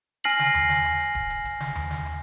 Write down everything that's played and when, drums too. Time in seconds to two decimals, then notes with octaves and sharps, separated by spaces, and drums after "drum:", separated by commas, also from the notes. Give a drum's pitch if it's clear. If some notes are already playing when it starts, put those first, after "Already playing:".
0.24 G#5 F6 A#6 C7 F#7, drum: hi-hat
0.39 drum: snare
0.55 drum: tom D#2
0.70 drum: snare
0.85 drum: hi-hat
1.00 drum: hi-hat
1.15 drum: kick D1
1.30 drum: hi-hat
1.45 drum: hi-hat
1.60 drum: snare
1.75 drum: tom D#2
1.91 drum: snare
2.06 drum: hi-hat